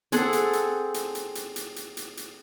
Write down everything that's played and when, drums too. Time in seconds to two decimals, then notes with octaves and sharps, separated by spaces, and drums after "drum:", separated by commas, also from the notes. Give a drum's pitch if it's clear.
0.12 C4 G#4 A4 F#5, drum: hi-hat
0.33 drum: hi-hat
0.53 drum: hi-hat
0.94 drum: hi-hat
1.15 drum: hi-hat
1.35 drum: hi-hat
1.56 drum: hi-hat
1.76 drum: hi-hat
1.97 drum: hi-hat
2.17 drum: hi-hat